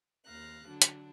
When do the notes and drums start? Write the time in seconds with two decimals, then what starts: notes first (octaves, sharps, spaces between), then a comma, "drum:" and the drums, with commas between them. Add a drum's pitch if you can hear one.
0.25 D#2 F5 A#5 F#6
0.67 D3 F#3 D4
0.82 drum: hi-hat